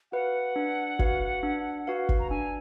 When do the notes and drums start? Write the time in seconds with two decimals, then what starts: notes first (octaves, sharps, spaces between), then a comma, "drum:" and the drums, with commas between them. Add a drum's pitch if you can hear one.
0.12 F#4 B4 F5 F#5
0.56 D4
0.99 F#4 B4 F5, drum: kick G1
1.43 D4
1.87 F#4 B4 F5
2.09 drum: kick G1
2.19 A#5
2.30 D4 G#5